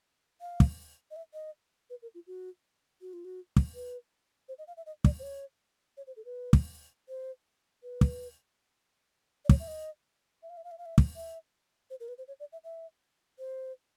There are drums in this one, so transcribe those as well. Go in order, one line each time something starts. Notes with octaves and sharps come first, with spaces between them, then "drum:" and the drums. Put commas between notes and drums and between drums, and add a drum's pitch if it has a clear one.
F5
drum: kick
D#5
E5
D#5
B4
A#4
F4
F#4
F#4
F4
F#4
drum: kick
B4
C5
D#5
F5
E5
D#5
D5, drum: kick
C5
C#5
C#5
C5
A4
B4
drum: kick
C5
B4
drum: kick
D5
C#5, drum: kick
E5
D#5
E5
F5
E5
F5
E5
F5
E5
drum: kick
E5
C5
A#4
B4
C5
C#5
D5
E5
E5
C5